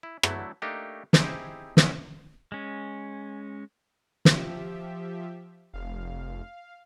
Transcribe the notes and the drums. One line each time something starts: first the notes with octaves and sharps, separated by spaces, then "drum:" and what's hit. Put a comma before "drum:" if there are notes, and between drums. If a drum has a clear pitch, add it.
E4
D3 F#3 A3 E4, drum: rim click
A3 A#3 D4 D#4 G4
C4 D#4 E4 G4 G#4 C5, drum: snare
B3 C#4 E4 D#5, drum: snare
G#3 C#4
F3 G4 E5, drum: snare
F1 F5